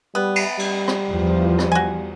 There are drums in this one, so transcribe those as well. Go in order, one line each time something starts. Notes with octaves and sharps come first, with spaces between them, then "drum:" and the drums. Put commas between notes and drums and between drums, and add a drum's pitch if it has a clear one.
G3 B3
drum: cymbal
G3, drum: cymbal
drum: rim click
E2 F3
drum: rim click
F#4 G#5